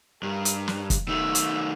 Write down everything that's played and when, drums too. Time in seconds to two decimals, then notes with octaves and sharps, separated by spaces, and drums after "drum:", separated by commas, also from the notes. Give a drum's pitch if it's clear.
0.23 G2 A#4
0.45 drum: hi-hat
0.68 drum: snare
0.90 drum: kick, hi-hat
1.08 D#3 A3 E6
1.35 drum: hi-hat